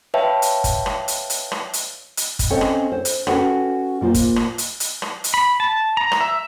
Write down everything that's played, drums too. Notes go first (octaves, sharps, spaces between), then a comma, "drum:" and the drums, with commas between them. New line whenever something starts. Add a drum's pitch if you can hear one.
B4 C#5 E5 F5 G5 A5
drum: hi-hat
drum: kick G1, hi-hat
drum: rim click
drum: hi-hat
drum: hi-hat
drum: rim click
drum: hi-hat
drum: hi-hat
drum: kick G1, hi-hat
C4 C#4 A4 C5 D#5 F5
drum: rim click
C5
drum: hi-hat
C#4 F#4 A4 B4 F#5 G5, drum: rim click
A#2 A#3 F4 C5 F5
drum: kick G1, hi-hat
drum: rim click
drum: hi-hat
drum: hi-hat
drum: rim click
drum: hi-hat
B5
A5
A#5
drum: rim click
E5